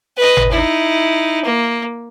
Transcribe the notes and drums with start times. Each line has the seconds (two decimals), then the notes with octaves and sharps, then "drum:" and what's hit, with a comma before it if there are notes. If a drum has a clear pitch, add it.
0.17 B4 D#5
0.37 drum: tom G#1
0.52 D#4 E4
1.44 A#3